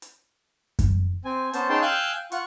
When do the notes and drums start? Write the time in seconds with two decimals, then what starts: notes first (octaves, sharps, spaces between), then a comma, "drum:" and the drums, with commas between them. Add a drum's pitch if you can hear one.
0.02 drum: hi-hat
0.79 drum: kick F#2, hi-hat
1.25 C4 G#5
1.53 B3 C#4 C5 A5, drum: hi-hat
1.69 C#4 D#4 G#4 G5 A5 C6
1.82 F5 G5 G#5 E6 F#6 G6
2.32 F4 F#5 C#6, drum: hi-hat